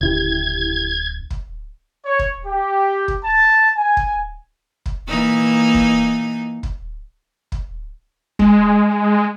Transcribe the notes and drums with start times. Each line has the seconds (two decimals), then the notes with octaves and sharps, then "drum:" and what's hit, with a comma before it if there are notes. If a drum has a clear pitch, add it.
0.01 D1 C#3 E4 G4 G#6
1.30 drum: kick
2.04 C#5
2.19 drum: kick
2.45 G4
3.08 drum: kick
3.23 A5
3.76 G#5
3.97 drum: kick
4.86 drum: kick
5.08 E3 A#3 D#4
5.74 drum: kick
6.63 drum: kick
7.52 drum: kick
8.39 G#3, drum: kick